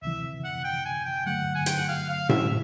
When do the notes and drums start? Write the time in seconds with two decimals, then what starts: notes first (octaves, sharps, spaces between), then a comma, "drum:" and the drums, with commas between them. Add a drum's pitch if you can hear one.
0.02 D2 C3 E3 E5
0.44 F#5
0.64 G5
0.85 G#5
1.05 G5
1.26 G2 D3 F#3 A3 F#5
1.55 G#5
1.66 G5, drum: hi-hat
1.78 F#5
1.89 F5
2.10 F5
2.29 E5, drum: tom A2